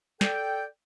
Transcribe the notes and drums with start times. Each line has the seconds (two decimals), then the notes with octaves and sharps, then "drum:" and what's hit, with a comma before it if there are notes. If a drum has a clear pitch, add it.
0.21 A4 D5 G5, drum: snare